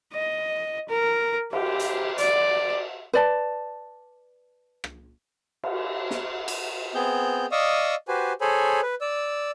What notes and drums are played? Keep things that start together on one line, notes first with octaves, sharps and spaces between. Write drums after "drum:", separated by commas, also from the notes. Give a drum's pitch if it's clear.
D#5
A#4
G4, drum: cymbal
drum: hi-hat
D5, drum: hi-hat
B4 D5 A5
drum: rim click
drum: cymbal
drum: snare
drum: cymbal
B3 C4 G#4 G6
D5 D#5 F5 C#6 D#6 E6
F#4 G4 B4 C5 G#5
G#4 A4 C5 C#5 G#5 B5
B4
D5 E6